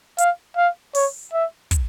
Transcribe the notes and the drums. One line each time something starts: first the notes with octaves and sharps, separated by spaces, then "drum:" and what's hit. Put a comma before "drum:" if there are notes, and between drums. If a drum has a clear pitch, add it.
F5, drum: hi-hat
F5
C#5, drum: open hi-hat
E5
drum: kick, hi-hat